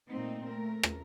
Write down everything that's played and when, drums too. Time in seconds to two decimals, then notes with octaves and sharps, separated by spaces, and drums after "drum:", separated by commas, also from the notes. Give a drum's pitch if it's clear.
0.10 A#2 A3 A#3 C4 D#4
0.50 A3 A#4
0.83 drum: rim click